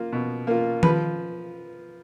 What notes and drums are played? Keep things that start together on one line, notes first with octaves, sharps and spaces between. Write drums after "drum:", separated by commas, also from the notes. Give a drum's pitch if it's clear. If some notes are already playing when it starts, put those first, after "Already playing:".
Already playing: A#3 F4
B2
A#3 F4
F3 B4, drum: tom D#3